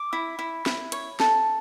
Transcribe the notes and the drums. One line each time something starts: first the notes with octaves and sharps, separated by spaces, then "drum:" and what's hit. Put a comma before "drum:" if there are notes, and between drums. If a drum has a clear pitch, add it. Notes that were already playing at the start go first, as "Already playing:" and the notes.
Already playing: D6
E4
E4
E4, drum: snare
C#5, drum: hi-hat
A4, drum: snare